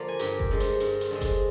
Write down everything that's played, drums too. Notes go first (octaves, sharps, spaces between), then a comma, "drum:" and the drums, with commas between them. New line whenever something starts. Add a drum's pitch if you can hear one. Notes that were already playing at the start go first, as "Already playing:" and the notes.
Already playing: D3 F3 A#3 D4
G#5
G2 G4 G5, drum: hi-hat
drum: kick F#1
D3 G#3 C4
drum: hi-hat
G2, drum: hi-hat
drum: hi-hat
D3 G#3 C4
drum: kick F#1, hi-hat